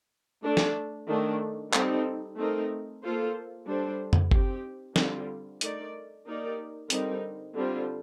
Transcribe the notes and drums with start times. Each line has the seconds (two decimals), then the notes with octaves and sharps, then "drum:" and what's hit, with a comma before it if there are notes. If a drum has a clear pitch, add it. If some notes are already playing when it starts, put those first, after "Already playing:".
0.43 A3 D4 A4
0.57 drum: snare
1.08 D#3 A3 D4
1.73 G3 C4 D#4 A4, drum: clap
2.37 A3 C4 D#4 A#4
3.03 A#3 F4 A4 C5
3.67 G3 D4 A4 C5
4.13 drum: tom F2
4.31 C4 D#4 G4, drum: kick G1
4.96 D3 G3 C4 F4, drum: snare
5.61 A3 D#4 A#4 D5, drum: hi-hat
6.26 A#3 D#4 G4 A#4 D5
6.90 D3 G3 C4 D#4 A#4, drum: hi-hat
7.55 D3 G3 C4 F4 C5